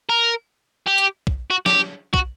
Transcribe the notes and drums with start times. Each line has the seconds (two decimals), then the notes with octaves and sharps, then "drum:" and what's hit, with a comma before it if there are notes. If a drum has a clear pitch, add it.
0.09 A#4
0.88 G4
0.98 drum: hi-hat
1.27 drum: kick
1.51 F#4
1.66 G4, drum: snare
2.14 F#4, drum: kick